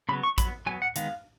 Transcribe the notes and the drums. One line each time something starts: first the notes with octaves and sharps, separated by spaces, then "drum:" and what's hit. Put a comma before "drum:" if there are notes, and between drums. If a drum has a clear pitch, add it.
C#3 F#3 B3 B5
C#6
F#3 B3 B5, drum: kick, hi-hat
F#3 B3 G#5
F#5
D#3 G#3 B3 F5, drum: hi-hat